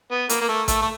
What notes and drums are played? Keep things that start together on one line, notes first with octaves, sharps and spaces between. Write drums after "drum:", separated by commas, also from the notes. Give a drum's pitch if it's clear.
B3
A#3, drum: hi-hat
A#3
A3
A3, drum: kick A1, hi-hat
A3